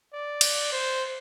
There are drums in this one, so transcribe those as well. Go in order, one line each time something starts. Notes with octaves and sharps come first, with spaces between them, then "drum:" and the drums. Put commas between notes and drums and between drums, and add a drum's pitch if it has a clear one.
D5
drum: cymbal
C5